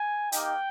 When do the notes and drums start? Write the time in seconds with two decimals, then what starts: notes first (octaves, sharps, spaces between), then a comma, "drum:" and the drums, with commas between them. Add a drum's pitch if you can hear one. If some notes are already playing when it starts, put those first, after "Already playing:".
Already playing: G#5
0.32 A#3 D#4 G4 G5, drum: hi-hat